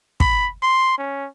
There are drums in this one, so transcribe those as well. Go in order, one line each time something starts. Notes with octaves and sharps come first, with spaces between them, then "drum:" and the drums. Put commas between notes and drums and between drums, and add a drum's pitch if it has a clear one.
B5, drum: kick
C6
C#4